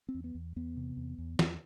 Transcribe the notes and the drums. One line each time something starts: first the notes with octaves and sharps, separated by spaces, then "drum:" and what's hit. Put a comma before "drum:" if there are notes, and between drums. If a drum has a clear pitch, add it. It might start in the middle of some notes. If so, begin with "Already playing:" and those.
C4
E2
B3
E2
E2 B3
C3
E2
E2
E2, drum: snare